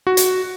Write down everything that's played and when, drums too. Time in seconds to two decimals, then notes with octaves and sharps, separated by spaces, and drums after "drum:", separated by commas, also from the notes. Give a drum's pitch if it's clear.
0.07 F#4
0.17 drum: hi-hat